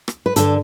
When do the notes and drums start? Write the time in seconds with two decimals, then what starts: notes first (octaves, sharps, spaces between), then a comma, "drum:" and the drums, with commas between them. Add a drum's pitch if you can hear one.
0.08 drum: rim click
0.26 B4
0.36 G2 D3 A4, drum: hi-hat